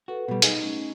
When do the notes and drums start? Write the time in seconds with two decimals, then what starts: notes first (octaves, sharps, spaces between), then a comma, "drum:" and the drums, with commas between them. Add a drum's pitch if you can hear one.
0.08 F#4 A4 B4 F#5
0.28 B2 G3
0.42 D#4 G#4, drum: hi-hat
0.61 A3 C#4